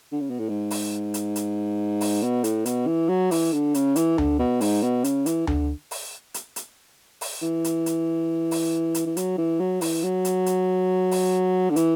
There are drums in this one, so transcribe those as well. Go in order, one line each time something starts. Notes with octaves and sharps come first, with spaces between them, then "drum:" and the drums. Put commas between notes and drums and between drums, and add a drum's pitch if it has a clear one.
D3
C#3
B2
A2
G#2
drum: open hi-hat
drum: hi-hat
drum: hi-hat
drum: open hi-hat
B2
A2, drum: hi-hat
B2, drum: hi-hat
E3
F#3
E3, drum: open hi-hat
D3
C#3, drum: hi-hat
E3, drum: hi-hat
D3, drum: tom D2
B2
G#2, drum: open hi-hat
B2
C#3, drum: hi-hat
E3, drum: hi-hat
D3, drum: tom D2
drum: open hi-hat
drum: hi-hat
drum: hi-hat
drum: open hi-hat
E3
drum: hi-hat
drum: hi-hat
drum: open hi-hat
drum: hi-hat
E3
F#3, drum: hi-hat
E3
F#3
E3, drum: open hi-hat
F#3
drum: hi-hat
drum: hi-hat
drum: open hi-hat
D3
E3, drum: hi-hat